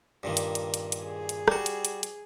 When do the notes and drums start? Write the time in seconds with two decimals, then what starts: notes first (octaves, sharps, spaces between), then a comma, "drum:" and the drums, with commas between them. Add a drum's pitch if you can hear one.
0.23 G2 A#2 D#3
0.37 drum: hi-hat
0.55 drum: hi-hat
0.74 drum: hi-hat
0.92 drum: hi-hat
1.04 G#4
1.29 drum: hi-hat
1.48 G3 F#4, drum: rim click
1.66 drum: hi-hat
1.85 drum: hi-hat
2.03 drum: hi-hat